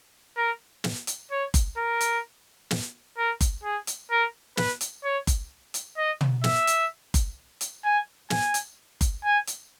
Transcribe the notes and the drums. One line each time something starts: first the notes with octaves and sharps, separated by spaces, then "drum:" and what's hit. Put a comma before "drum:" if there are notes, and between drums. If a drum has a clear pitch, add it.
A#4
drum: snare
drum: hi-hat
C#5
drum: kick F#1, hi-hat
A#4
drum: hi-hat
drum: snare
A#4
drum: kick F#1, hi-hat
G#4
drum: hi-hat
A#4
B4, drum: snare
drum: hi-hat
C#5
drum: kick F#1, hi-hat
drum: hi-hat
D#5
drum: tom
E5, drum: snare
drum: hi-hat
drum: kick F#1, hi-hat
drum: hi-hat
G#5
G#5, drum: snare
drum: hi-hat
drum: kick F#1, hi-hat
G#5
drum: hi-hat